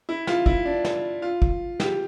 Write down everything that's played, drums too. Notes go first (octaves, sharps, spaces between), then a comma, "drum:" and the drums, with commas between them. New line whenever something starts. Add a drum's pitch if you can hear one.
E4
F4, drum: snare
E4, drum: kick
D4
drum: snare
F4
drum: kick
G4, drum: snare